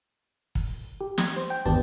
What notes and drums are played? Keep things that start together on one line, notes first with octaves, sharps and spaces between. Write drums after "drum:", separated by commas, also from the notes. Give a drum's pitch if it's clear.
drum: kick
G4
G#6, drum: snare
C5
G5
G#1 E2 B3 D4 G4 A5